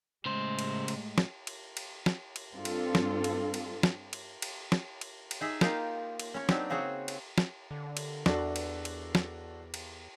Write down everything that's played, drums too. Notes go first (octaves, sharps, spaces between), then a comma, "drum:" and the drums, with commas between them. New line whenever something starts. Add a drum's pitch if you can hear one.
A2 C#3 G#3 C5
drum: cymbal
drum: cymbal
drum: snare
drum: cymbal
drum: cymbal
drum: snare
drum: cymbal
G2 C4 D4 F4 A4
drum: cymbal
drum: snare
drum: cymbal
drum: cymbal
drum: snare
drum: cymbal
drum: cymbal
drum: snare
drum: cymbal
drum: cymbal
D#4 G#4 E5
A#3 D#4 F4 G4 F5 A#5, drum: snare
drum: cymbal
C#4 C#5
F#3 C4 D4 D#4 G4, drum: snare
C#3 C4 F#4 G#4 C#5
drum: cymbal
drum: snare
D3
drum: cymbal
E2 D4 F#4 A4, drum: snare
drum: cymbal
drum: cymbal
drum: snare
drum: cymbal